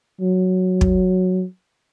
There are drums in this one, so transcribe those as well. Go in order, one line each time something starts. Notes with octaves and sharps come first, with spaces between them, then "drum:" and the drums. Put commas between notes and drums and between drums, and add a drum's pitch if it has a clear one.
F#3
drum: kick